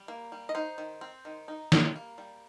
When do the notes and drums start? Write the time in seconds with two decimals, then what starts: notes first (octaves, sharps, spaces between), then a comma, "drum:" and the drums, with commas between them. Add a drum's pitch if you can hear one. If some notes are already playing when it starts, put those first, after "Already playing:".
Already playing: G3
0.08 A#3
0.32 G3
0.49 D#5
0.55 D#4 C5
0.78 D#3
1.01 C4
1.25 D#3
1.48 D#4
1.72 G3, drum: snare
1.96 A#3
2.18 G3